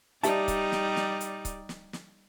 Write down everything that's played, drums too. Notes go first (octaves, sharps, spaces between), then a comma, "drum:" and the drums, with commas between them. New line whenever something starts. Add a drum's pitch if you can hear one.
G3 D#4 G4 D5 E5 A5, drum: hi-hat
drum: kick C#1, hi-hat
drum: snare
drum: snare
drum: hi-hat
drum: kick C#1, hi-hat
drum: snare
drum: snare